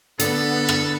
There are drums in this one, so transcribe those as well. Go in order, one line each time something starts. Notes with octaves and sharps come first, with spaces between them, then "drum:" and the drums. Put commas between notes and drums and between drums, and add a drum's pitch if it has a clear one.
D3 B3 A4, drum: hi-hat
drum: rim click